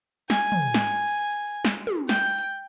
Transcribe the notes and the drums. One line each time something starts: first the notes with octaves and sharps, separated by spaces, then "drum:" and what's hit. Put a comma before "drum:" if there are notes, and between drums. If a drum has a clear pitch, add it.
G#5, drum: snare
drum: tom
drum: snare
drum: snare
drum: tom
G5, drum: snare